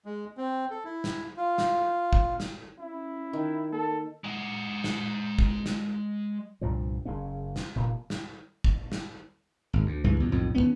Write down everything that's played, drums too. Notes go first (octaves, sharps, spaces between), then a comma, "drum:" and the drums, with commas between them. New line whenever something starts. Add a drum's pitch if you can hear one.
G#3
C4
A4
E4
drum: snare
F4
drum: snare
drum: kick
drum: snare
C#4 E4
D#3
A#3 A4
G#3 F#5
drum: snare
drum: kick
drum: snare
C2 G2 A#2 F3
F#1 C#3 A#3 C#4
drum: snare
F1 A#2 A#3
drum: snare
drum: kick
drum: snare
G#1
D2
C#2 G2 E3
E2 B2
B1 F2 A2
D#2 B2 B3 C#4